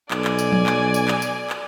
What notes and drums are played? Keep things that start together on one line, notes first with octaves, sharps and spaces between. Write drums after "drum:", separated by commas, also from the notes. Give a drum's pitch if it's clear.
B1 D5 G#5, drum: clap
drum: clap
drum: tambourine
drum: tom F3
drum: clap
drum: tambourine
drum: clap
drum: tambourine
drum: clap